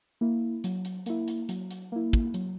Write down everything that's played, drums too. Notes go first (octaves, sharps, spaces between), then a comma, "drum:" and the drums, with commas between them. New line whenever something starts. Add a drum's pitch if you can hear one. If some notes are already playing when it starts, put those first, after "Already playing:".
A#3 E4
F#3, drum: hi-hat
drum: hi-hat
A#3 E4, drum: hi-hat
drum: hi-hat
F#3, drum: hi-hat
drum: hi-hat
A#3 E4
drum: kick
F#3, drum: hi-hat